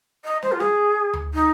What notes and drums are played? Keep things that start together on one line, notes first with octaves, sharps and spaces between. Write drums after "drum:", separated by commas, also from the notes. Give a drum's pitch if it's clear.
D#5
C5, drum: snare
F4
G#4, drum: snare
drum: tom D2
D#4